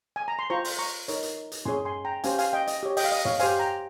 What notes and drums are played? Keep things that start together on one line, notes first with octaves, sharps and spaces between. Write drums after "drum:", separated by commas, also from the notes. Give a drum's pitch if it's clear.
G#5
A#5
C6
F4 C5 A#5 C#6
drum: open hi-hat
A#5 C#6
D#4 A#4 C#5, drum: hi-hat
drum: hi-hat
drum: hi-hat
C#4 G#4 C#5 G#5 C6, drum: tom
G#5 C6
G5 A#5
C#4 G4 C5 F5 G#5, drum: hi-hat
F5 G#5, drum: hi-hat
D#5 G5
D#5, drum: hi-hat
G4 C#5
D#5 G5, drum: open hi-hat
F5
D#5
C#5 F5, drum: tom
G4 C5 F5 G#5, drum: hi-hat
G5 A#5